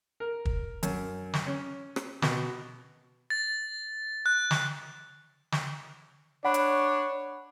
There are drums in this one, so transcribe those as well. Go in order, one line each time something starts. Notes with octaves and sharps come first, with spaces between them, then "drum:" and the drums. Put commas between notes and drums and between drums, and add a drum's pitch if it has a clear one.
A#4
drum: kick
F#2, drum: hi-hat
drum: snare
C#4
drum: rim click
B2, drum: snare
A6
F#6
drum: snare
drum: snare
D4 C#5 F#5 B5 F#6
drum: hi-hat